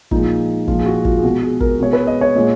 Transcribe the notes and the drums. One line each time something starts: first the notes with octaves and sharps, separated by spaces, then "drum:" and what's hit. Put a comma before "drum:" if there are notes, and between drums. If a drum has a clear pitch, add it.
A#2 F3 G#3 D#4, drum: kick
A#2 F3 G#3 F4, drum: kick
G#4
F#4
F4, drum: kick
G#4
B2 G#3 F#4
G#4
A#4, drum: kick
B2 G#3 C#5
B4
D#5
C#5
A#2 G#3